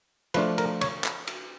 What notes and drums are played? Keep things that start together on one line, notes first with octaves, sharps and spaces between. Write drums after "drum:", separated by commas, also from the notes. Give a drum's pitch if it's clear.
F3 A3 D4 F4 B4, drum: cymbal
A#4, drum: cymbal
C#5, drum: cymbal
drum: clap
drum: cymbal